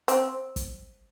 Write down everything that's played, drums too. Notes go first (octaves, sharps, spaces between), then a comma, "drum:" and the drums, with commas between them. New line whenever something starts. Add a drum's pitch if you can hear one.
C4, drum: hi-hat
drum: kick, hi-hat